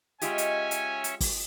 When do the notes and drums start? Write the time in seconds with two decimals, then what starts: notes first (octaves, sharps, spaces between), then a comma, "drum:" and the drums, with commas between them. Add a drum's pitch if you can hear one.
0.21 G#3 C#4 F4 G4 C#5 D#5 E5 G#5, drum: hi-hat
0.38 drum: hi-hat
0.71 drum: hi-hat
1.04 drum: hi-hat
1.20 drum: kick, open hi-hat